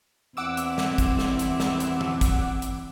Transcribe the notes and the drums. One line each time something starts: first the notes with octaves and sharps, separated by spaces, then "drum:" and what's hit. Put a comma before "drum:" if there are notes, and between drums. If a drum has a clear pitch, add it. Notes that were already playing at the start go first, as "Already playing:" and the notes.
E2 C4 E4 F#5 D6 E6
drum: hi-hat
drum: snare
drum: kick, hi-hat
drum: snare
drum: hi-hat
drum: snare
drum: hi-hat
drum: tom E3
drum: kick, hi-hat
drum: hi-hat